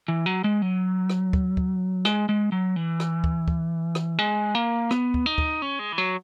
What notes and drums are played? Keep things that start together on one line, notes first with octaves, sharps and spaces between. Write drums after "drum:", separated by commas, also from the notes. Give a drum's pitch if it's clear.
E3
F#3
G#3
F#3
drum: rim click
drum: kick
drum: kick
G#3, drum: rim click
G#3
F#3
E3
drum: rim click
drum: kick
drum: kick
drum: rim click
G#3
A#3
B3, drum: rim click
drum: kick
D#4
drum: kick
C#4
G#3
E3
F#3